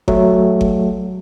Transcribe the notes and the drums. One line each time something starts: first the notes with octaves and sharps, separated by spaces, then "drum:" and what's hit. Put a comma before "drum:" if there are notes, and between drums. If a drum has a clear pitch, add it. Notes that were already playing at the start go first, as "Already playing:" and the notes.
F#3 A3, drum: kick G1
drum: kick G1